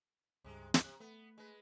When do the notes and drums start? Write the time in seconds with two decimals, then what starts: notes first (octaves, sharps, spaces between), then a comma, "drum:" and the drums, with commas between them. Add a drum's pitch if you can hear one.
0.44 C#2 G2 C3 G#3
0.74 drum: snare
0.84 C3 F#6
1.00 A3 B3
1.38 G#3 B4